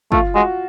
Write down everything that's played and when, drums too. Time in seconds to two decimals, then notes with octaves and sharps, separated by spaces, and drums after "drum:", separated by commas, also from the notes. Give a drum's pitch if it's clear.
0.12 A3 F4, drum: kick
0.35 G#3 F#4